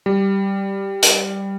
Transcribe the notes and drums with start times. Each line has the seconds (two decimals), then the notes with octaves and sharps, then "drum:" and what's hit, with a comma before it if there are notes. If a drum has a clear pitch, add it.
0.06 G3
1.03 drum: hi-hat